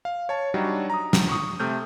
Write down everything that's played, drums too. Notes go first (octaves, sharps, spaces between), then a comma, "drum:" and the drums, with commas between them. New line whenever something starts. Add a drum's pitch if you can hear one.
F5
C#5 A5
F#3 G3 D4 D#4 F#4
A#5 D#6
drum: snare
C#6 D#6
C3 A3 F6 G6